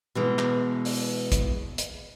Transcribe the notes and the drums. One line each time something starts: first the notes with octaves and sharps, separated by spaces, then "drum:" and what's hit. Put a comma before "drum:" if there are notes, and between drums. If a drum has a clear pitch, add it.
B2 E3 G#3
drum: clap
drum: open hi-hat
drum: kick, hi-hat
drum: hi-hat